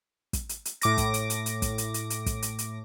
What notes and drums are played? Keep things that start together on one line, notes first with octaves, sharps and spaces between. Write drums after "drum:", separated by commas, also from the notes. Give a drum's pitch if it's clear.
drum: kick, hi-hat
drum: hi-hat
drum: hi-hat
A2 D6 A#6, drum: hi-hat
drum: kick, hi-hat
drum: hi-hat
drum: hi-hat
drum: hi-hat
drum: kick, hi-hat
drum: hi-hat
drum: hi-hat
drum: hi-hat
drum: kick, hi-hat
drum: hi-hat
drum: hi-hat